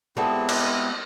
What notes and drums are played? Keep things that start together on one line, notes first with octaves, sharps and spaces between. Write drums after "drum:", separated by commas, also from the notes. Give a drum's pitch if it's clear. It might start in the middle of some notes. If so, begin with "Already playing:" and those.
G3 G#3 B3 C4 E4 F#4 A4 D5
drum: cymbal